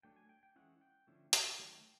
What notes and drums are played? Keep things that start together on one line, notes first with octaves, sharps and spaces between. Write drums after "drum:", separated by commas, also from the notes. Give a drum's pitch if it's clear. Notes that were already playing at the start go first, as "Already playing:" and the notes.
F#3 A3 D4 G5
G#5
G5
G5
E3 G#3 C#4 E4 F#5
G5
D3 F3 A3 C#4 E4
drum: hi-hat
D#3 F#3 A3 G5